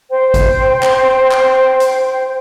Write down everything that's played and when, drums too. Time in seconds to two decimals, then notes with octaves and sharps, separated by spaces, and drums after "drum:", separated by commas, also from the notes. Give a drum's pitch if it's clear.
0.10 C5 G5
0.34 drum: kick G#1, hi-hat
0.83 drum: clap
1.31 drum: clap
1.80 drum: hi-hat